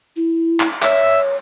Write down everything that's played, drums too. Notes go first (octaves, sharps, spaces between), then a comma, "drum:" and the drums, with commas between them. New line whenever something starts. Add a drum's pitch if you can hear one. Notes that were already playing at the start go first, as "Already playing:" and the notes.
E4
drum: clap
C#5 E5, drum: clap